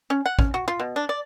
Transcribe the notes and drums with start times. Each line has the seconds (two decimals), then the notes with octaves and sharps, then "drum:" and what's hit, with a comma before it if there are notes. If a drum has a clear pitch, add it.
0.10 C#4
0.26 F#5
0.39 C#4, drum: kick
0.54 F#4
0.68 F4
0.80 B2
0.96 D4
1.09 D5